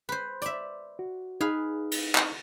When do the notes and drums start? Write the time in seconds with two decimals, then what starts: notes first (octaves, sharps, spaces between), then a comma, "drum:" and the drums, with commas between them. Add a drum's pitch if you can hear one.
0.09 B4 C5
0.42 D5 E5, drum: hi-hat
0.99 F#4
1.41 D#4 G#4 B4 F5
1.92 drum: cymbal
2.15 drum: clap